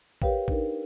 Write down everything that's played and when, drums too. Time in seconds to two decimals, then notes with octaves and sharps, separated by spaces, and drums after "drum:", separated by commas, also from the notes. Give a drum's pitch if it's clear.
0.22 G4 A#4 B4 C#5 F5 G5, drum: kick A1
0.48 D4 D#4 A#4, drum: kick A1